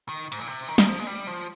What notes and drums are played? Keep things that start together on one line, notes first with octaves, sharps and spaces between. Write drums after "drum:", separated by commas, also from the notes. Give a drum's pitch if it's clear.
D#3
G#2, drum: hi-hat
A#2
C3
D#3
D#3, drum: snare
F3
G#3
G3
F3